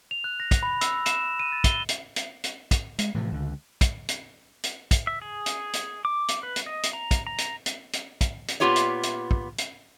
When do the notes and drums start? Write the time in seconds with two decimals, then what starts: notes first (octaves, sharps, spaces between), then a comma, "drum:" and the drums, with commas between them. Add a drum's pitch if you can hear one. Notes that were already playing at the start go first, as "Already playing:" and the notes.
0.11 F7
0.24 F#6
0.40 A#6
0.51 drum: kick, hi-hat
0.63 B5
0.81 E6, drum: hi-hat
1.06 E7, drum: hi-hat
1.40 D#7
1.52 A6
1.64 G7, drum: kick, hi-hat
1.89 drum: hi-hat
2.16 drum: hi-hat
2.44 drum: hi-hat
2.71 drum: kick, hi-hat
2.99 G#3, drum: hi-hat
3.14 A2 C3 E3 F3
3.32 C#2 D3
3.81 drum: kick, hi-hat
4.09 drum: hi-hat
4.63 drum: hi-hat
4.91 drum: kick, hi-hat
5.07 E5
5.22 G#4
5.46 drum: hi-hat
5.73 drum: hi-hat
6.05 D6
6.28 drum: hi-hat
6.43 B4
6.56 drum: hi-hat
6.66 D#5
6.83 drum: hi-hat
6.93 A#5
7.11 drum: kick, hi-hat
7.27 A#5
7.38 drum: hi-hat
7.66 drum: hi-hat
7.93 drum: hi-hat
8.21 drum: kick, hi-hat
8.48 drum: hi-hat
8.60 A#2 B3 C4 F4 G4 C#5
8.76 drum: hi-hat
9.03 drum: hi-hat
9.31 drum: kick
9.58 drum: hi-hat